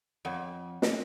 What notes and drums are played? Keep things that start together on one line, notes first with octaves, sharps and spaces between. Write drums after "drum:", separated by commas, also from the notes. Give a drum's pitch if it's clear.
F2 C#5 F#5
drum: snare